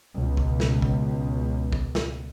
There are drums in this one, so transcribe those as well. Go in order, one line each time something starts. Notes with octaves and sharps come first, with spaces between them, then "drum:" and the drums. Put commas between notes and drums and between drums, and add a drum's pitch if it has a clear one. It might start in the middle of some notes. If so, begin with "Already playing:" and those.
C#2 B2
drum: kick
drum: snare
drum: kick
drum: kick
drum: snare